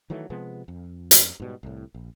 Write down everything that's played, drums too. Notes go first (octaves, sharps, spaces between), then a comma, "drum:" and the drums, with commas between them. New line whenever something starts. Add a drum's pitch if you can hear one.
D#3 E3 F#3 A3
C3 F3 G#3 B3
F2
drum: hi-hat
G#2 B2 G3
C2 A2
A#1